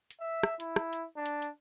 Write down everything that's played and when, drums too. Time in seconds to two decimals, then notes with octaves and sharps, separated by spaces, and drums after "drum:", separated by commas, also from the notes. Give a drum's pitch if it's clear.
0.11 drum: hi-hat
0.20 E5
0.43 drum: rim click
0.60 E4, drum: hi-hat
0.76 drum: rim click
0.93 drum: hi-hat
1.16 D4
1.26 drum: hi-hat
1.42 drum: hi-hat